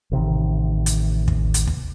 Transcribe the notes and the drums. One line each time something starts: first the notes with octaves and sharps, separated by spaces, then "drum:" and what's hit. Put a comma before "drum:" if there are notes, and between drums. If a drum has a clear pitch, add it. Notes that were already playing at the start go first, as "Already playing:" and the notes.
A1 C3 D#3
drum: hi-hat
drum: kick
drum: hi-hat
drum: kick